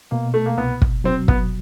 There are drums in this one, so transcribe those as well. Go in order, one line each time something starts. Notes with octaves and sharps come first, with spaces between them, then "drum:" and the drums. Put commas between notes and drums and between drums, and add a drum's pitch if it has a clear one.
B2 A#3
A3
A#3
C2 B3
drum: kick
F#3 C4
B3, drum: kick